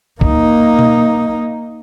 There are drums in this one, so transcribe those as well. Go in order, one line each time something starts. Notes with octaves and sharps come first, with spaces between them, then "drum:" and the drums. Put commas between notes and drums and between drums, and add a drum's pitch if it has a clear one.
A#3 D#4, drum: kick
drum: tom B2